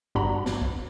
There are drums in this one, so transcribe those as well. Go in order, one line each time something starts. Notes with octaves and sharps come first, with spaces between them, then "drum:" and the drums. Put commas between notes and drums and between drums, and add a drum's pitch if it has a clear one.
G1 G2 D4 F#4 A#5 B5
drum: snare
drum: kick